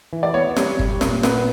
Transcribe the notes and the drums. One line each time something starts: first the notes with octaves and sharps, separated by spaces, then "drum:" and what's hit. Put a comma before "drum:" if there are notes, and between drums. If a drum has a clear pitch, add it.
E3
D5
B3 C#5
G3, drum: snare
G3, drum: kick G1
A#2, drum: snare
B3 B4, drum: snare